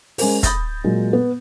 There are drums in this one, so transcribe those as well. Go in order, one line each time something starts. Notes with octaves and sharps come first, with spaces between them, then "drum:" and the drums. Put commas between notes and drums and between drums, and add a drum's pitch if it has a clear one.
G#3 C#4 A#4 C5, drum: open hi-hat
B5 D#6 G6 A6 A#6, drum: kick, hi-hat
A#2 F#3 G#3
B3